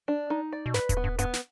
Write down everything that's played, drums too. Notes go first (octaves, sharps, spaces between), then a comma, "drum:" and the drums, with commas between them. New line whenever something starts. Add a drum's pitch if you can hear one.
D4
D#4
D5
B2
G#2 B4, drum: snare
G2, drum: kick D#1, hi-hat
B3
G2
G2 B3, drum: hi-hat
drum: snare